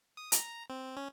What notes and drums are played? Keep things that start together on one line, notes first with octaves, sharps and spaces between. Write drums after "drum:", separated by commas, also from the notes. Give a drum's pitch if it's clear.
D#6
A#5, drum: hi-hat
C4
C#4